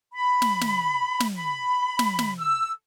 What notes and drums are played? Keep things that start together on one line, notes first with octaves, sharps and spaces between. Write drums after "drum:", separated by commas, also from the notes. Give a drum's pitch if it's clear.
B5
drum: snare
drum: snare
drum: snare
B5
drum: snare
drum: snare
E6